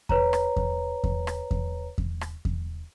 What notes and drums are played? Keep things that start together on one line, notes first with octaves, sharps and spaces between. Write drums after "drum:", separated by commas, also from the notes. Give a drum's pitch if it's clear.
B4 C#5 A#5, drum: kick E2
drum: rim click
drum: kick E2
drum: kick E2
drum: rim click
drum: kick E2
drum: kick E2
drum: rim click
drum: kick E2